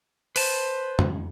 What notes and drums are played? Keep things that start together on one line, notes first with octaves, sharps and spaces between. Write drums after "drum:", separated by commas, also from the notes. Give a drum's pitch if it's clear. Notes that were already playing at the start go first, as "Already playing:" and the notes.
B4 C5 A5, drum: open hi-hat
drum: tom